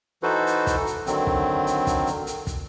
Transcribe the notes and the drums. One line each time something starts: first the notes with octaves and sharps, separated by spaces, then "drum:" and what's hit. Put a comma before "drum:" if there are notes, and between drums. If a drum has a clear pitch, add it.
E3 D#4 F#4 A4 B4 C5
drum: hi-hat
drum: kick, hi-hat
drum: hi-hat
D3 D#3 F#3 C4, drum: hi-hat
drum: kick
drum: hi-hat
drum: kick, hi-hat
drum: hi-hat
drum: hi-hat
drum: kick, hi-hat